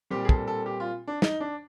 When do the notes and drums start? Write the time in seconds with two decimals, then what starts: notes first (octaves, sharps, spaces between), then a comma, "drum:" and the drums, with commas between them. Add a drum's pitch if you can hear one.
0.10 A#2 G3 C4 G4
0.25 G#4
0.29 A4, drum: kick
0.47 A4
0.66 G4
0.80 F4
1.07 D4
1.22 D#4, drum: snare
1.40 D4